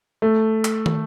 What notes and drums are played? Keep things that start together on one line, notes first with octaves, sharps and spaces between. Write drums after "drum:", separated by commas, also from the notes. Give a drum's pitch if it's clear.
A3
drum: clap
drum: tom